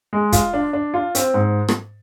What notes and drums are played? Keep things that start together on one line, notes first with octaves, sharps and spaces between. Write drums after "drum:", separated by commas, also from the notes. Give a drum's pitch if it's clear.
G#3
F4, drum: kick, hi-hat
D4
D4
F4
C4, drum: hi-hat
G#2
drum: rim click